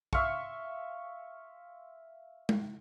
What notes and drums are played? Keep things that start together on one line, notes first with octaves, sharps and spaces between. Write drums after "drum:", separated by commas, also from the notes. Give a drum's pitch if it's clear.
E5 F5 C6 C#6, drum: kick B1
drum: tom G#3